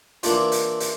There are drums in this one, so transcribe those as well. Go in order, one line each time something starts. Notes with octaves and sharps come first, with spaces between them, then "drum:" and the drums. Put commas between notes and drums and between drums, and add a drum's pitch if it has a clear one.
E3 A#3 D4 F4, drum: hi-hat
drum: hi-hat
drum: hi-hat